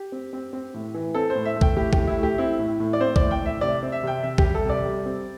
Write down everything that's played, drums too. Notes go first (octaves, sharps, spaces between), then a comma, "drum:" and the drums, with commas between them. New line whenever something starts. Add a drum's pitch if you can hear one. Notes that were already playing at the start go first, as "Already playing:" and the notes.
Already playing: G4
C4
C4
C4
A2
E3
C4 A4
C5
A2
E5
A3
G5, drum: kick A#1
A2 G4
G4, drum: kick A#1
A2
E4
A3
G4
C4 E4
A2
A2
D5
C4 C5
A2 D5, drum: kick A#1
G5
A2 E5
C3 D5
C4
E5
C3 G5
C3 E5
G4, drum: kick A#1
G3
A4
C3 D5
G3
C4